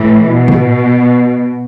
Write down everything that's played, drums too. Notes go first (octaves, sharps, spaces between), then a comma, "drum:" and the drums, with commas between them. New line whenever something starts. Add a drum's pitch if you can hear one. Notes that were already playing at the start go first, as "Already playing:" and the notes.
Already playing: A2 E3
B2
drum: tom